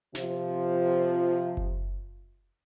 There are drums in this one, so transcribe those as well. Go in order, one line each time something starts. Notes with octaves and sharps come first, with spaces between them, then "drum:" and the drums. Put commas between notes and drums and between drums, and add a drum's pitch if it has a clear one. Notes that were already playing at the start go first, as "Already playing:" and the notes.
C3 F3, drum: snare
drum: kick F#1